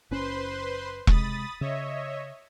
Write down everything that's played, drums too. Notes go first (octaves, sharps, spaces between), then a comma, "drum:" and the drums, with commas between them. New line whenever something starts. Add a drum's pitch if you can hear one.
F#1 C#4 B4 C5 C6
C3 G#3 B5 D#6 A6, drum: kick E1
C#3 C#5 D#5 E5